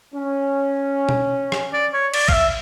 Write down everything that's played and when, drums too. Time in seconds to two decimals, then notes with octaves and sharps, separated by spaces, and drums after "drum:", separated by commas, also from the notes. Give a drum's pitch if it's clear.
0.14 C#4
1.09 drum: tom B2
1.52 drum: rim click
1.73 D5
1.94 C#5
2.14 D5, drum: cymbal
2.28 F5, drum: kick
2.33 E5